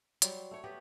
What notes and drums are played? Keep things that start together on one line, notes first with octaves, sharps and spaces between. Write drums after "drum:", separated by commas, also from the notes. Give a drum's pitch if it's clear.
F#3 G3 C5, drum: hi-hat
A3 C#5
B3 F#4 G4 B4